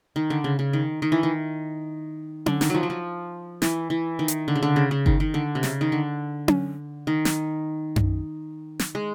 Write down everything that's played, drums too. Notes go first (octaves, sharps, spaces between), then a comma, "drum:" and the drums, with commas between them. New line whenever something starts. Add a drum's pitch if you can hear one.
D#3
D3
C#3
C#3
D#3
D#3
E3
D#3
D3, drum: tom C#4
D#3, drum: snare
F3 F#3
F#3
F3
E3, drum: snare
E3
D#3
drum: hi-hat
D3
C#3
D3
C#3
C#3
D#3, drum: kick G1
D#3
D3
C3
C#3, drum: snare
D#3
D3
drum: tom C#4
D#3
drum: snare
drum: tom F#2
drum: snare
G#3